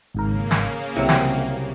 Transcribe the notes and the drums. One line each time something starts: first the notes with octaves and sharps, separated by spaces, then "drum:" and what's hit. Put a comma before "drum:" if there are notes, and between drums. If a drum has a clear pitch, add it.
G#1 G#2 C#3 A#3 A#4
drum: snare
C2 C3 E3 F#3
drum: snare